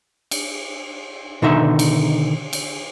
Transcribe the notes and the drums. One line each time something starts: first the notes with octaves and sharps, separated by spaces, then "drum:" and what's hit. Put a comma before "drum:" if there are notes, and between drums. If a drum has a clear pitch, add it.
drum: cymbal
B2 D3 D#3 D#4 E5
drum: cymbal
drum: cymbal